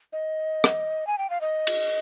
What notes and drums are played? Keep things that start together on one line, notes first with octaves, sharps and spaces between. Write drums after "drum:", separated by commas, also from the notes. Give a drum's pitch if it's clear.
D#5
drum: rim click
G#5
G5
F5
D#5
drum: cymbal